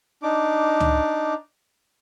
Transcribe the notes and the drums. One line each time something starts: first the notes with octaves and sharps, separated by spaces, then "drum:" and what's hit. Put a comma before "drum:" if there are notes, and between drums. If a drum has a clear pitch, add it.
D4 D#4 D6
drum: tom C#2